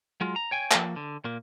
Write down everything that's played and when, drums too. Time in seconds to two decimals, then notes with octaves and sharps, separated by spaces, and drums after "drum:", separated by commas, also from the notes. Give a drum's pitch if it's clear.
0.21 F#3 G#3 F4
0.36 A#5
0.51 C#5 G5 G#5
0.71 F3 A#3, drum: clap
0.96 D3
1.24 A#2 A#3